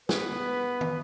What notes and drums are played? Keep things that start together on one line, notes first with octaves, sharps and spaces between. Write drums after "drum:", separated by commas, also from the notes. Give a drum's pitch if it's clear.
B3 B4, drum: snare
drum: tom